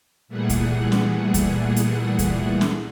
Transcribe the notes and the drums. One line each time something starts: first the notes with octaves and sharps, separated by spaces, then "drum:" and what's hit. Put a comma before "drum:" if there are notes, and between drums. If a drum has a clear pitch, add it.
A#2 E3 G3 A3 G#4 F#5
drum: kick C#2, hi-hat
drum: snare
drum: kick C#2, hi-hat
drum: hi-hat
drum: kick C#2, hi-hat
drum: snare